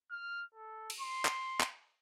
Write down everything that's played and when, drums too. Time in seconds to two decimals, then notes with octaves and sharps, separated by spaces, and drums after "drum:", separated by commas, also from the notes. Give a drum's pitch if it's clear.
0.11 F6
0.55 A4
0.90 drum: cymbal
1.01 C6
1.25 drum: clap
1.60 drum: clap